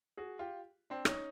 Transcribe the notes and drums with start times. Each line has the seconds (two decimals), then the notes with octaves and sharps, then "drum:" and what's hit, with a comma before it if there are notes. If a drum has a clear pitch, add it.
0.17 F#4 G#4
0.39 F4 G4
0.90 C4 D4
1.05 C#4 D#4, drum: rim click